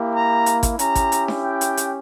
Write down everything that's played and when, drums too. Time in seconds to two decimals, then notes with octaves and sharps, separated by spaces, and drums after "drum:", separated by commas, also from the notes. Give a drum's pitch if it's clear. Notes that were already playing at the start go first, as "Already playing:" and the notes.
Already playing: A#3 E4 G4
0.14 A#5
0.46 drum: hi-hat
0.63 drum: kick G#1, hi-hat
0.79 C#4 E4 G4 A#5, drum: hi-hat
0.95 drum: kick G#1, hi-hat
1.12 drum: hi-hat
1.28 drum: snare D4
1.44 G5
1.61 drum: hi-hat
1.77 drum: hi-hat